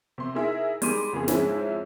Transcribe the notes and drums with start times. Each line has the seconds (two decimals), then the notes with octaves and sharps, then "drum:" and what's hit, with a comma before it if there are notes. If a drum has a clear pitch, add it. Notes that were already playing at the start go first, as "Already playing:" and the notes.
0.18 C3 C6
0.35 D#4 E4 G#4 A#4 E5
0.82 G3 G#3 D#4 C6 D6 D#7, drum: open hi-hat
1.13 F2 C#3 B3 G#4
1.28 G#2 F3 G#3 C4 C#4 E4, drum: snare